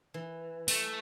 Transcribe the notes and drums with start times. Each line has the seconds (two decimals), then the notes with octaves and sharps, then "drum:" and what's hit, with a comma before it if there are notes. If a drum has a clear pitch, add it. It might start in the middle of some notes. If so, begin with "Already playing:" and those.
0.14 E3
0.68 A3, drum: open hi-hat